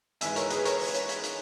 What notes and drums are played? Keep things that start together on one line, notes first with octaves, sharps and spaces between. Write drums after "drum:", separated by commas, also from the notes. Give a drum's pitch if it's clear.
G#1 G#2 E3 G#3 E5 G#5, drum: hi-hat
A#4 C#5, drum: hi-hat
G#4 B4, drum: hi-hat
A#4 C#5, drum: hi-hat
drum: open hi-hat
drum: hi-hat
drum: hi-hat
drum: hi-hat